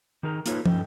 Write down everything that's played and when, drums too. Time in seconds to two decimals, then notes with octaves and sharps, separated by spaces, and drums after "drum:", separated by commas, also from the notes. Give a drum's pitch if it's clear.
0.23 D#3 D#4 G#4 A#4 A#5
0.46 A#3 D#4 F4 A4 B4 C#5, drum: hi-hat
0.66 G2 F3 C#4 A4 D#5 G5, drum: tom